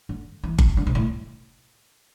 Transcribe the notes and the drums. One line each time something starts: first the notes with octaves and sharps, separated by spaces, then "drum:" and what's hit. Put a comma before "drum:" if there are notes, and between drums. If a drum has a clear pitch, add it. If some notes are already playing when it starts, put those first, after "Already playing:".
D3
E3
drum: kick G1
D3
C3
A2